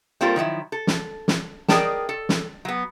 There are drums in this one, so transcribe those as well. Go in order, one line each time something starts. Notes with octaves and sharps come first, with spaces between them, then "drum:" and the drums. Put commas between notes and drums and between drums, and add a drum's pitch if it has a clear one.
G3 A#3 C4 F4 A4 A#4
D#3 F3 F#3 E4
A4
drum: snare
drum: snare
G#4 A#4 D5 D#5 G5 A5, drum: snare
A4
drum: snare
F#3 B3